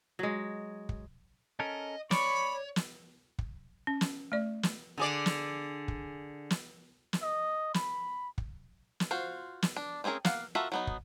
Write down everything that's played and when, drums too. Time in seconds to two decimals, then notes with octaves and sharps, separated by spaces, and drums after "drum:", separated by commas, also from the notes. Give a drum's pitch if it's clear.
0.19 F#3 G#3
0.89 drum: kick
1.60 C#4 A4 A#4 D#5
2.11 C#5 D5 B5 C#6, drum: snare
2.76 drum: snare
3.39 drum: kick
3.87 C#4
4.01 drum: snare
4.32 A3 D5
4.63 drum: snare
4.98 D3 G#4 D5
5.26 drum: snare
5.88 drum: kick
6.50 drum: snare
7.13 drum: snare
7.23 D#5
7.74 B5, drum: snare
8.38 drum: kick
9.00 drum: snare
9.11 F4 F#4 C5
9.62 drum: snare
9.76 D4
10.04 A3 C4 C#4 G#4 A#4
10.25 A#3 F5 F#5, drum: snare
10.55 F4 F#4 A4 A#4 E5
10.72 F#3 B3 D#4
10.87 drum: kick